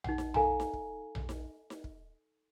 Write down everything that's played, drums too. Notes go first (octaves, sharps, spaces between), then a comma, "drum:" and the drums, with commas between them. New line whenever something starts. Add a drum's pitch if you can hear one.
D#4 F#5, drum: tom A#1
drum: snare D#4
A4 F5 G#5 A#5, drum: tom A#1
drum: snare D#4
drum: kick
drum: tom A#1
drum: snare D#4
drum: snare D#4
drum: kick